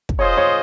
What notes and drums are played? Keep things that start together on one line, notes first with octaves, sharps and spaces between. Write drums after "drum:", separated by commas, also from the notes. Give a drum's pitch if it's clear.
drum: kick
F4 G#4 C5 C#5 D#5
C#5